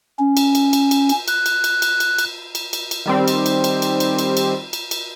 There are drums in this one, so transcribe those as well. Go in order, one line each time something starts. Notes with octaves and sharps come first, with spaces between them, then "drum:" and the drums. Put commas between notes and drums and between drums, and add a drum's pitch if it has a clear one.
C#4
drum: cymbal
drum: cymbal
drum: cymbal
drum: cymbal
drum: cymbal
F#6, drum: cymbal
drum: cymbal
drum: cymbal
drum: cymbal
drum: cymbal
drum: cymbal
drum: cymbal
drum: cymbal
drum: cymbal
D#3 G3 C4
drum: cymbal
drum: cymbal
drum: cymbal
drum: cymbal
drum: cymbal
drum: cymbal
drum: cymbal
drum: cymbal
drum: cymbal